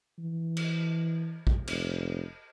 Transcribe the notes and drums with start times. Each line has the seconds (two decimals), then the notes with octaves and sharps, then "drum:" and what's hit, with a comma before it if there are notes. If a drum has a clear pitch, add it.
0.18 E3
0.57 drum: cymbal
1.47 drum: kick
1.67 F1, drum: cymbal